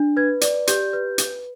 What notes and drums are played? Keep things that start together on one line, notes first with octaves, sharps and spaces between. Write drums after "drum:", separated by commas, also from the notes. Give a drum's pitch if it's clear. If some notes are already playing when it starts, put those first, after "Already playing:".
Already playing: D4
B4 G#6
D5, drum: hi-hat
G4 G6, drum: hi-hat
B4
drum: hi-hat